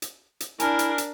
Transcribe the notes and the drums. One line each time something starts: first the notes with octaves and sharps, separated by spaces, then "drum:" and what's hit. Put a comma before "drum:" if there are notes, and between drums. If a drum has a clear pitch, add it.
drum: hi-hat
drum: hi-hat
D4 E4 A#4 G#5 A5 F6, drum: hi-hat
drum: hi-hat
drum: hi-hat